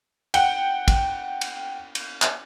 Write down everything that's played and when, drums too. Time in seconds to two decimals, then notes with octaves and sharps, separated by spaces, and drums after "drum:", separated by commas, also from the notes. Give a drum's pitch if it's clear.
0.34 F#5 G5, drum: cymbal
0.88 drum: kick, cymbal
1.41 drum: cymbal
1.95 drum: cymbal
2.22 drum: clap